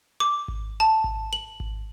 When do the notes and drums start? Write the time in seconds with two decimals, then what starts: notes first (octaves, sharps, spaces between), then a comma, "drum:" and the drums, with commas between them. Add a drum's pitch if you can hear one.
0.20 D6
0.48 drum: kick G#1
0.80 A5
1.04 drum: kick G#1
1.33 F#7
1.60 drum: kick G#1